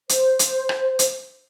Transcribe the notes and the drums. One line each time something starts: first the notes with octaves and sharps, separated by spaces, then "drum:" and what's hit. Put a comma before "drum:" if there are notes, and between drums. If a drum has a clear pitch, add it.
C5, drum: hi-hat
drum: hi-hat
drum: rim click
drum: hi-hat